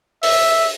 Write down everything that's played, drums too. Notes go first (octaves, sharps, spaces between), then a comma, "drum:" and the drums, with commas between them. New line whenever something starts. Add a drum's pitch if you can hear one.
E5, drum: open hi-hat